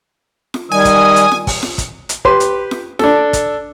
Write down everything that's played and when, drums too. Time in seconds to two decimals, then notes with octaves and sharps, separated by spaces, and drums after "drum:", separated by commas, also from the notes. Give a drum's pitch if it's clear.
0.54 drum: snare F4
0.72 D#3 G3 G#5 D#6
0.85 drum: kick, hi-hat
1.16 drum: hi-hat
1.32 drum: snare F4
1.47 drum: kick, open hi-hat
1.63 drum: snare F4
1.78 drum: kick, hi-hat
2.09 drum: hi-hat
2.25 G4 B4 C6, drum: kick
2.40 drum: hi-hat
2.71 drum: snare F4
2.99 D4 A4, drum: snare F4
3.33 drum: kick, hi-hat